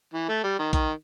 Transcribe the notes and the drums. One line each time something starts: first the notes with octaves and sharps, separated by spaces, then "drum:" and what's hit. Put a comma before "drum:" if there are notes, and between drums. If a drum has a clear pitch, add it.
E3
A3
G3
D#3
D#3, drum: kick A#1, hi-hat